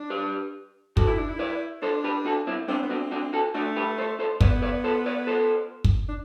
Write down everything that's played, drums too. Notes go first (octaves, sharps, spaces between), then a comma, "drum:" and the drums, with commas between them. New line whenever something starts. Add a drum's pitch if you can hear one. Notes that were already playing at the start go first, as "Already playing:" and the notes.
Already playing: D4
G4 B4
F#4 A4, drum: kick
E4
D4
E4
B4 D5
D4 A4 C5
G4 B4
F#4 A4
C4 E4
B3 C4 D4
B3
D4 F#4
C4
D4 F#4
F#4 A4
A3 D4 F#4
G4 B4
A4 C5
A4 C5
B3 B4 D5, drum: kick
B4 D5
A4 C5
B4 D5
A4 C5
drum: kick
D4